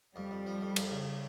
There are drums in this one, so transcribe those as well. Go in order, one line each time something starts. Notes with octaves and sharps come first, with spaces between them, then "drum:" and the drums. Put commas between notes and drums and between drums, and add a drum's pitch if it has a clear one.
F2 G3
F2
F3
F2
F2, drum: cymbal
C#3